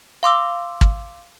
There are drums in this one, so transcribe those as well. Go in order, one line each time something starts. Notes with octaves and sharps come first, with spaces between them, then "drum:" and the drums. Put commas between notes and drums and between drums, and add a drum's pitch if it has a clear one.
F5 C6 D6 E6
drum: kick